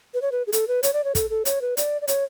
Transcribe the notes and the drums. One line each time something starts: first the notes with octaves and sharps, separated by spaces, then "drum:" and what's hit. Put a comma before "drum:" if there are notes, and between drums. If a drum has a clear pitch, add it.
B4
C#5
B4
G#4
A4, drum: hi-hat
B4
C#5, drum: hi-hat
D5
C#5
A4, drum: kick, hi-hat
A4
C#5, drum: hi-hat
B4
D5, drum: hi-hat
D5
C#5, drum: hi-hat